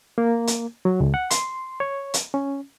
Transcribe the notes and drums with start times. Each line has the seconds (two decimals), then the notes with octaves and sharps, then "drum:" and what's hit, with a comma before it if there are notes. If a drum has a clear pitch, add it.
0.18 A#3
0.47 drum: hi-hat
0.85 F#3
1.00 C#2
1.14 F#5
1.31 C6, drum: hi-hat
1.80 C#5
2.14 drum: hi-hat
2.34 C#4